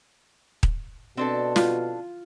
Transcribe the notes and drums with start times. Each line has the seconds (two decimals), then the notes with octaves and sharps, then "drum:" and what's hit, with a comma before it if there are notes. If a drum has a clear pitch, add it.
0.63 drum: kick D#1
1.17 B2 C4 D4 A4
1.56 F4, drum: snare